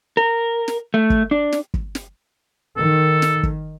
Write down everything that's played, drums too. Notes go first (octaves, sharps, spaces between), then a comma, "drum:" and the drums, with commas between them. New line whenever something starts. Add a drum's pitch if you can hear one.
A#4
drum: snare
A3
drum: kick
D4
drum: snare
drum: kick
drum: snare
D#3 A4
drum: snare
drum: kick